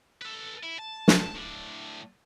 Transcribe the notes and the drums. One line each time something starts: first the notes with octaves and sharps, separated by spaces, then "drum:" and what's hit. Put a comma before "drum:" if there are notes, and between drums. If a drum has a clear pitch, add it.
A4 B4
E4
A5
drum: snare
A2 D4